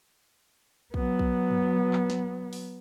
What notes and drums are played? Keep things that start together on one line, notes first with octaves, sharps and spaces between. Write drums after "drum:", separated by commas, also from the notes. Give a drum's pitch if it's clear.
F#3 B3, drum: kick
drum: kick
drum: tom
drum: clap
drum: snare
drum: open hi-hat